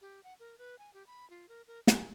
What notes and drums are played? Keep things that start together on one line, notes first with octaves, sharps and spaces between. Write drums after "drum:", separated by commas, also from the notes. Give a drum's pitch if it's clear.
G4
F#5
A#4
B4
G#5
G4
B5
F4
A#4
A#4
G#5, drum: snare